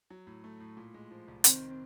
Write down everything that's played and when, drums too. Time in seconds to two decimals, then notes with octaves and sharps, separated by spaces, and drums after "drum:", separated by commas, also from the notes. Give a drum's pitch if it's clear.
0.10 F#3
0.27 A2
0.44 A3
0.60 A2
0.77 A#2
0.94 G#3
1.11 F3
1.28 C2
1.44 D#3 C4, drum: hi-hat